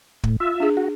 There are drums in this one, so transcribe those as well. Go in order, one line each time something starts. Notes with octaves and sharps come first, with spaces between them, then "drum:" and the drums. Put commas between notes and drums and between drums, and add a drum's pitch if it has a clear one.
A2, drum: kick
F4 E5
D4 G#4
F#4